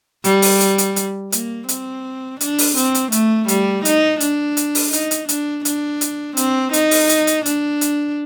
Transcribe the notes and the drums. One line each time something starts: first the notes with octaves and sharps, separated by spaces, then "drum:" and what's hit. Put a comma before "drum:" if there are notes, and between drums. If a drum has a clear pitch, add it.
G3, drum: hi-hat
drum: open hi-hat
drum: hi-hat
drum: hi-hat
drum: hi-hat
A#3, drum: hi-hat
C4, drum: hi-hat
D4, drum: hi-hat
drum: open hi-hat
C4, drum: hi-hat
drum: hi-hat
A3, drum: hi-hat
G3, drum: hi-hat
D#4, drum: hi-hat
D4, drum: hi-hat
drum: hi-hat
drum: open hi-hat
D#4, drum: hi-hat
drum: hi-hat
D4, drum: hi-hat
D4, drum: hi-hat
drum: hi-hat
C4, drum: hi-hat
D#4, drum: hi-hat
drum: open hi-hat
drum: hi-hat
drum: hi-hat
D4, drum: hi-hat
drum: hi-hat